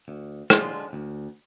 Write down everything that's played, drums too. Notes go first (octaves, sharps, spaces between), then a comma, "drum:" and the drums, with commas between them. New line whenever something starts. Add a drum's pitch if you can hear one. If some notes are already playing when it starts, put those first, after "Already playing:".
D2
D3 G#3 D4 F4, drum: rim click
D2